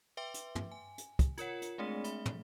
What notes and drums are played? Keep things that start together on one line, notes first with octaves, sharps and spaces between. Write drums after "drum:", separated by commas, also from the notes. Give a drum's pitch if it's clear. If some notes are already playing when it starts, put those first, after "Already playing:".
B4 E5 G5 C6 D6
drum: hi-hat
drum: tom
G#5
drum: hi-hat
drum: kick, hi-hat
F4 A#4 C#5 F#5, drum: hi-hat
drum: hi-hat
G#3 A3 C4 D4 G#4
E5 B5, drum: hi-hat
drum: tom